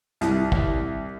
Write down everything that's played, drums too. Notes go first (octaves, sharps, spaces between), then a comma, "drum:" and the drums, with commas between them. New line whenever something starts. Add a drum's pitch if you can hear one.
C2, drum: hi-hat
drum: kick